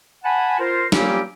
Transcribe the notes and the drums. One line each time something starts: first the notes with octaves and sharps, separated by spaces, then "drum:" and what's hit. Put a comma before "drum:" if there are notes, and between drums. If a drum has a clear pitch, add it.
F#5 G#5 A5 B5
F4 A#4 C5
F#3 G3 A#3 C#4 F4 G4, drum: snare